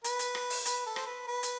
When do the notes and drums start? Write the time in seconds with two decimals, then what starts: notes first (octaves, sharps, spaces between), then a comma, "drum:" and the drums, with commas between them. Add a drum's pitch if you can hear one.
0.04 B4, drum: hi-hat
0.19 drum: hi-hat
0.35 drum: rim click
0.50 drum: open hi-hat
0.65 B4, drum: hi-hat
0.86 A4
0.96 C5, drum: rim click
1.06 B4
1.27 B4
1.43 drum: hi-hat